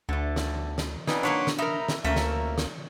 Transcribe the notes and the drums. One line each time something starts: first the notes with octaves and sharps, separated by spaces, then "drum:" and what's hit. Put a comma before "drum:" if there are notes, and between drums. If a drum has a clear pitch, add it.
D2 D3 A3
drum: snare
drum: snare
F2 D#4 B4 D5 G#5, drum: snare
A#3 D4 B4 C#5 F#5 C6 D6
drum: snare
D#4 A#4 E5 A#5 B5
drum: snare
D2 A3 A#3 C#4 A#4 E5
drum: snare
drum: snare